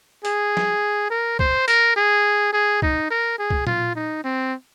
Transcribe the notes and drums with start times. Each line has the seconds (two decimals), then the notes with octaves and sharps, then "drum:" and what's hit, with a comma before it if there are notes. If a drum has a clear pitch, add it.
0.25 G#4, drum: hi-hat
0.57 drum: snare
1.10 A#4
1.39 C5, drum: kick
1.68 A#4, drum: hi-hat
1.96 G#4
2.53 G#4
2.82 D#4, drum: kick
3.10 A#4
3.39 G#4
3.50 drum: kick
3.67 F4, drum: tom
3.96 D#4
4.24 C4